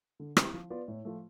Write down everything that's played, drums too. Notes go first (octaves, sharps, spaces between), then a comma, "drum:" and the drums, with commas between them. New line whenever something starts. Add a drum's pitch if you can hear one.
D3
G3 C4 E4, drum: rim click
F3
B3 F4 B4 D5
A2
F3 A3